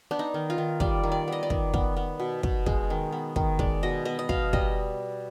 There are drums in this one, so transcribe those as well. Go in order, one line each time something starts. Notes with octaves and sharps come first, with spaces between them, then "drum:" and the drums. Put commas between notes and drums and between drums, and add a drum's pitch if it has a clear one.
B3 D4
D#4
D#3
F4
D#3
G3 D5, drum: kick
D#3
D5
B3 D#5
D5
D#3, drum: kick
B3, drum: kick
B3
B2
B2, drum: kick
G#3, drum: kick
D#3
B3
D#3, drum: kick
G#3 D5, drum: kick
B2 D#5
B3 D#5
D#5
B2 F5, drum: kick
G3 D#5, drum: kick